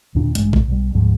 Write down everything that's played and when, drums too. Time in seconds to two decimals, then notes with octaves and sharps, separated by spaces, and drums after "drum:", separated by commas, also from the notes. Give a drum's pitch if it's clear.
0.15 D#2 A#2 D3 D4
0.35 A1 G2 G#3, drum: hi-hat
0.53 drum: kick A1
0.68 B1 G3
0.94 D2 G#2 F3 G#3